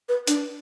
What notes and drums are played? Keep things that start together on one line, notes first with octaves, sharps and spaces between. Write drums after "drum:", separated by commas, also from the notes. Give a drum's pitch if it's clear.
B4
D4, drum: hi-hat